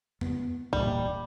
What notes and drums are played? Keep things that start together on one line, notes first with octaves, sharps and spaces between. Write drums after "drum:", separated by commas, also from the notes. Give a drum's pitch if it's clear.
B3, drum: tom F2
E1 A#2 G3, drum: kick